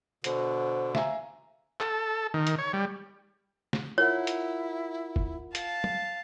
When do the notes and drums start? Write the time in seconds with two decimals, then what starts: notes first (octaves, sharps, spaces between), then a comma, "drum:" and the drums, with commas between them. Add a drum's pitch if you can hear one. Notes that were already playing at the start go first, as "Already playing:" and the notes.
0.24 B2 D3 C5, drum: hi-hat
0.95 E5 F5 G#5 A#5, drum: snare
1.80 A4, drum: clap
2.34 D#3
2.47 drum: hi-hat
2.59 C#5
2.73 G3
3.73 drum: snare
3.98 E4 F4 A#4 C#5 F#5
4.27 drum: hi-hat
5.16 drum: kick
5.55 F5 A5, drum: hi-hat
5.84 drum: tom